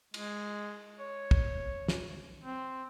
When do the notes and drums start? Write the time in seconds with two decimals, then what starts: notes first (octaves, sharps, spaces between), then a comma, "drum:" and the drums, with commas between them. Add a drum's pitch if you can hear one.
0.14 G#3, drum: cymbal
0.99 C#5
1.31 drum: kick
1.88 drum: snare
2.44 C4